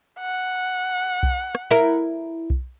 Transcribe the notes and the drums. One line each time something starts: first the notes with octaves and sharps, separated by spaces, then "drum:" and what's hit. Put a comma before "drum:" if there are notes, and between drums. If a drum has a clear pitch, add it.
F#5
drum: kick B1
drum: rim click
E4 A#4
drum: kick B1